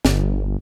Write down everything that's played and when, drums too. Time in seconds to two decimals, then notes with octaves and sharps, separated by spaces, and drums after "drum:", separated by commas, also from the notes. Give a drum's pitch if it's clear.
0.05 G1, drum: snare